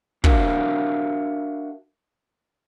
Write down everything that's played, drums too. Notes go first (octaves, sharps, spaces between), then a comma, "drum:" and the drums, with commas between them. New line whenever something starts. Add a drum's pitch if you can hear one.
D4 F#4 A#4 E5 F5, drum: kick